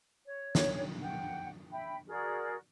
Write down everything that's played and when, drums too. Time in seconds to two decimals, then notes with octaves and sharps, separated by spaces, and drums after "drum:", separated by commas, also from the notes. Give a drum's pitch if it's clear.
0.25 C#5
0.55 drum: snare
1.01 F#5 G5
1.72 E5 G5 B5
2.07 F#4 G#4 A#4 D5